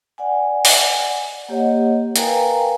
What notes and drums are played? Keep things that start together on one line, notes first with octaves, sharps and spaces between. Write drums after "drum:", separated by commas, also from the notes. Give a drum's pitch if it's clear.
D5 F#5 G#5
drum: open hi-hat
A#3 G4 C#5 D#5 F#5
A#4 B4 F5 G5 G#5 A#5, drum: hi-hat